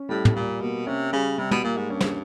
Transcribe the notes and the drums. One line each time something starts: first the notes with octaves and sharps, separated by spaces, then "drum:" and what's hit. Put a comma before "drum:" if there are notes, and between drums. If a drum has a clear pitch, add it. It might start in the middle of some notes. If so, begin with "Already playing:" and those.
Already playing: C#4
A2 G3
drum: tom
A#2 G3
B2 A#3
C3 C#4
C#3 G3
C3 G3
B2, drum: tom
A#2 A#3
G#2
G2 C#4
drum: snare